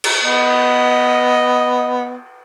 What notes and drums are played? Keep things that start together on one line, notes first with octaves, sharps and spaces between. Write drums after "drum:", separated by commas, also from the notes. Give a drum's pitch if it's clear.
drum: cymbal
B3 D#5